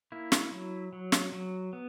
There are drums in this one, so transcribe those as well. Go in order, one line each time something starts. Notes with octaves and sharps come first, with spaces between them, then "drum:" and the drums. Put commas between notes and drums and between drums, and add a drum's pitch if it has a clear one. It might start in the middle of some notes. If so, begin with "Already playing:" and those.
A#3 E4
drum: snare
F#3
F#3
drum: snare
F#3
B3